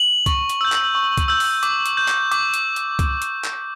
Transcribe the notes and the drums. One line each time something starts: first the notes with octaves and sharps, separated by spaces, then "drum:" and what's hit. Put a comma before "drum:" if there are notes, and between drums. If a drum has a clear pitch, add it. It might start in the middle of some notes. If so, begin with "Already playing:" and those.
Already playing: F#7
C#6, drum: kick C#2, hi-hat
drum: hi-hat
E6 G6
drum: clap
C#6
drum: kick C#2, hi-hat
E6 G6
drum: open hi-hat
D6, drum: hi-hat
drum: hi-hat
G6
drum: clap
D6, drum: hi-hat
drum: hi-hat
drum: hi-hat
drum: kick C#2, hi-hat
drum: hi-hat
drum: clap